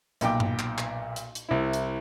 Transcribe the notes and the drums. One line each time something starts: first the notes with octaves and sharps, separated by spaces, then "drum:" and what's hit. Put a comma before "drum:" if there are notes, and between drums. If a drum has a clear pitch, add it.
B1 A#2 G5 D6, drum: hi-hat
drum: tom G2
drum: clap
drum: clap
drum: hi-hat
drum: hi-hat
C2 E4
drum: hi-hat